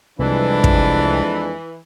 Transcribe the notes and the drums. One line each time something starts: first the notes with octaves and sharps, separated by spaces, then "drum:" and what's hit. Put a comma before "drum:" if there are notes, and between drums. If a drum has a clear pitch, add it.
C2 F2 E3 G#3 D4 B4
drum: kick